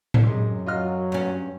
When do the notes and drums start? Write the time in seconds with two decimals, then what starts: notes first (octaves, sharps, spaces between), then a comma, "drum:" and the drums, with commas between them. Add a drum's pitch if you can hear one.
0.14 drum: tom A2
0.24 F#2 C3 G#3
0.66 F#3 F4 D#5 F6
1.12 G2 C#4